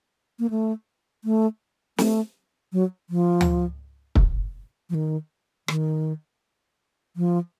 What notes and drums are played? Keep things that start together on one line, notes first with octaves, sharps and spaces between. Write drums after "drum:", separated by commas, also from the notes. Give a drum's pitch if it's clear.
A#3
A3
A3
A3, drum: snare
F#3
F3
drum: tom D2
drum: kick
F3
D#3
D#3, drum: rim click
F3